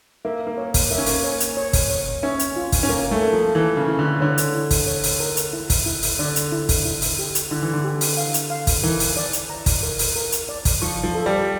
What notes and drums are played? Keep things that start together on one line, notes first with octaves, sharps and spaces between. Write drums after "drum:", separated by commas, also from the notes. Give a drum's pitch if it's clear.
A#3 E5
A#3
C#5
drum: kick, open hi-hat
A#3 E5
C#4
A#3, drum: open hi-hat
C#5
drum: hi-hat
C#5
drum: kick, open hi-hat
C#5
C#4 E5
drum: hi-hat
F4
drum: kick, open hi-hat
C#4
A#3 A#4
A3
A#4
F3
E3 A#4
C#3
E4
D3
D3 C#5
drum: hi-hat
E4
drum: kick, open hi-hat
C#5
drum: open hi-hat
A#4
drum: hi-hat
E4
drum: kick, open hi-hat
E4
drum: open hi-hat
D3 D5
drum: hi-hat
E4
drum: kick, open hi-hat
E4
drum: open hi-hat
G4
drum: hi-hat
D3 E4
E3
D3
G4
drum: open hi-hat
F5
drum: hi-hat
F5
drum: kick, open hi-hat
E3 A#4
drum: open hi-hat
D5
drum: hi-hat
A#5
drum: kick, open hi-hat
A#4
drum: open hi-hat
A#4
drum: hi-hat
D5
drum: kick, open hi-hat
F3 C#6
F3
A4
G3